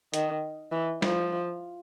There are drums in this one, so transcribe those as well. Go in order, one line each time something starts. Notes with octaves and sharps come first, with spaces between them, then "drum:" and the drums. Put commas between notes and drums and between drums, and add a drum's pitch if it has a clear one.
D#3, drum: hi-hat
E3
F3, drum: snare